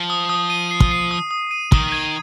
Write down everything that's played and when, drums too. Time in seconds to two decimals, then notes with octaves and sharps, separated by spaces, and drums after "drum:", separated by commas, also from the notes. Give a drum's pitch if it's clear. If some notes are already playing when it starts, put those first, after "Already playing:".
Already playing: F3
0.10 D#6
0.29 D#6
0.50 D#7
0.71 C7
0.80 drum: kick
0.91 C7
1.11 D#6
1.31 D#6
1.51 D#7
1.72 D#3 D#6, drum: kick
1.92 G#6